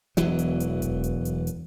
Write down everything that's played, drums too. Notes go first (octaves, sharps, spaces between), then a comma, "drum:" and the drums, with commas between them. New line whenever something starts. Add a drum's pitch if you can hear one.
E1 E2 E3 F#3, drum: hi-hat
drum: hi-hat
drum: hi-hat
drum: kick D#1, hi-hat
drum: hi-hat
drum: hi-hat
drum: hi-hat